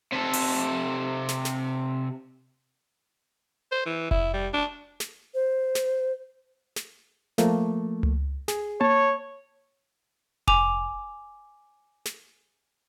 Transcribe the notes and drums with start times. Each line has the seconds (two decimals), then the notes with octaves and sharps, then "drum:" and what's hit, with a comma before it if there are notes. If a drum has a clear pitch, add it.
0.12 C3 A4
0.33 drum: open hi-hat
1.29 drum: snare
1.45 drum: snare
3.72 C5
3.86 E3
4.11 E4, drum: kick F1
4.34 G3
4.53 D4
5.00 drum: snare
5.34 C5
5.75 drum: snare
6.76 drum: snare
7.38 F3 A3 A#3, drum: snare
8.03 drum: tom C#2
8.48 G#4, drum: snare
8.81 C#5 A5, drum: tom A#3
10.47 G#5 D6 F7, drum: kick F1
12.06 drum: snare